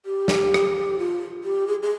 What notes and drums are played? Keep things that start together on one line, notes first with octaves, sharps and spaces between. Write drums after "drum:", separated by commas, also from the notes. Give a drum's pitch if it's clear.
G4
drum: snare
drum: rim click
F4
G4
G#4
G#4